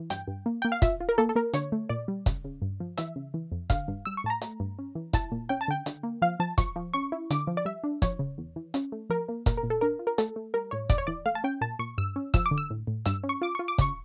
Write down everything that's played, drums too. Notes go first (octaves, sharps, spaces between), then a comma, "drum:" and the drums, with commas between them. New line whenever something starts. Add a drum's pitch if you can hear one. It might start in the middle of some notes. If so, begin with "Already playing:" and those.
Already playing: E3
G2 G5, drum: hi-hat
G2
A#3
A#3 G5
F5
F4 E5, drum: kick, hi-hat
F4
A#4
A#3 A4
A4
A#3 A#4
D3 C#5, drum: hi-hat
A3
A#2 D5
G3
C#3, drum: kick, hi-hat
C#3
G2
F3
E3 E5, drum: hi-hat
C#3
E3
F2
D3 F5, drum: kick, hi-hat
G2
G3 E6
C#6
A2 A5
A#5
A3, drum: hi-hat
G2
C#4
E3
E4 A5, drum: kick, hi-hat
A#2
C#4 G5
A5
D3 G5
D3, drum: hi-hat
A#3
F3 F5
F3 A5
F3 C#6, drum: kick, hi-hat
F3
C#4 C#6
E4
D3 D6, drum: hi-hat
F3
D5
G3 E5
D4
F3 C#5, drum: kick, hi-hat
C#3
E2
E3
C#4, drum: hi-hat
A3
F3 A#4
A#3
A#2 A#4, drum: kick, hi-hat
A#4
A#2
A4
D4 A#4
F4
A#4
A3 A4, drum: hi-hat
A3
G3 A#4
A2 C#5
E2 D5, drum: kick, hi-hat
C#5
E3 D5
A3 F5
A5
C#4 G5
A#2 A5
A#2 C#6
G2 E6
C#4
F3 E6, drum: kick, hi-hat
D6
D3
E6
A2
A2
G2 E6, drum: hi-hat
C#4
C#6
F4 D6
F4 C#6
D6
C#3 C#6, drum: kick, hi-hat